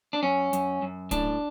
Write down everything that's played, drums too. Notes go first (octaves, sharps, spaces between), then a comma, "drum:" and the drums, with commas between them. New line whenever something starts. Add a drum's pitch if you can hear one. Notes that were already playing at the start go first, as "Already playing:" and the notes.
D4
F#2 C#4
F#2, drum: hi-hat
F#2
A2 D4, drum: kick D1, hi-hat